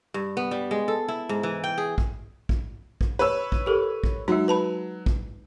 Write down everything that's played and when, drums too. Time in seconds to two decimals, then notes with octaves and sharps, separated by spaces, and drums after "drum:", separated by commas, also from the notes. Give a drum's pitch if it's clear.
0.14 G2
0.37 B3
0.51 G3
0.71 G#3
0.88 A4
1.08 E4
1.29 G#2
1.43 E3
1.64 G5
1.78 G#4
1.98 drum: kick
2.49 drum: kick
3.01 drum: kick
3.19 B4 C#5 E6
3.52 drum: kick
3.66 G4 A4 A#4
4.04 drum: kick
4.28 F#3 G#3 D#4
4.48 B4 A5 B5
5.06 drum: kick